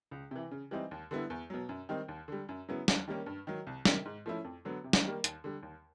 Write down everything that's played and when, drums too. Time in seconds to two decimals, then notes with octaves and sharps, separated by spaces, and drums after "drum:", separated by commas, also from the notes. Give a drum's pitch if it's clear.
0.11 C#2
0.31 C3 E3
0.51 C#3
0.71 E3 G3 C4 D#4
0.91 D#2
1.11 D3 G3 B3 E4
1.30 E2
1.50 B2 F#3
1.69 F#2
1.89 D#3 G3 C4 D#4
2.09 D#2
2.28 D3 G3
2.49 F#2
2.69 C#3 F#3 B3 E4
2.88 D#2, drum: snare
3.08 D#3 G3 A#3 C#4
3.26 G2
3.47 D#3 F#3
3.67 C2
3.85 C3 D#3, drum: snare
4.05 G#2
4.26 F3 A3 C#4 E4
4.45 F2
4.65 D3 F#3 B3
4.84 C3
4.93 drum: snare
5.04 D#3 G3 A#3
5.24 D#2, drum: hi-hat
5.44 D3 G3
5.63 D#2